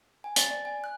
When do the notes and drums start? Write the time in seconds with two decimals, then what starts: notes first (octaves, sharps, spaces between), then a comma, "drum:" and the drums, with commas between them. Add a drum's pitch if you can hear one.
0.24 G#5
0.36 A6, drum: hi-hat
0.51 D5
0.65 G#5
0.84 F#6